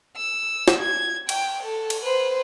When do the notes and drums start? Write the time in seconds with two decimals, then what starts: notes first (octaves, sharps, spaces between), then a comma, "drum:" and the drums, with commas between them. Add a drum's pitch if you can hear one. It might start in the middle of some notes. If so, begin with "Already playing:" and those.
0.16 E6
0.68 drum: snare
0.80 G#6
1.29 G5, drum: cymbal
1.63 A4
1.90 drum: cymbal
2.04 B4 C5